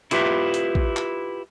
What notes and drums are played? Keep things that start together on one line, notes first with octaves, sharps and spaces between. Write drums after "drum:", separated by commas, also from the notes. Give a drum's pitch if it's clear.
E4 F4 G4 B4 E5, drum: hi-hat
drum: hi-hat
drum: kick
drum: clap